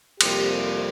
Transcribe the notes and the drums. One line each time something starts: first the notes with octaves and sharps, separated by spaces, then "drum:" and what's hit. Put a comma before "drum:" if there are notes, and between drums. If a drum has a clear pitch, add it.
F2 C3 G3 A#3 G4, drum: cymbal